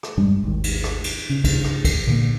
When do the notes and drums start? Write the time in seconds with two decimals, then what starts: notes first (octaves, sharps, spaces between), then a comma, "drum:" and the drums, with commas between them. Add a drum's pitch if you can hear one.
0.03 drum: rim click
0.17 G2 G3 G#3
0.44 G#1 D#2
0.64 drum: cymbal
0.84 drum: rim click
1.04 drum: cymbal
1.29 C#3
1.44 drum: kick, cymbal
1.64 drum: rim click
1.85 drum: kick, cymbal
2.07 A#2 D3 A#3